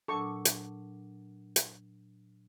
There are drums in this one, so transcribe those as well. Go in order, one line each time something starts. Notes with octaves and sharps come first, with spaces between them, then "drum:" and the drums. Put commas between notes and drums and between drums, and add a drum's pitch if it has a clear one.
A#2 F#3 D4 A4 C#6
drum: hi-hat
drum: hi-hat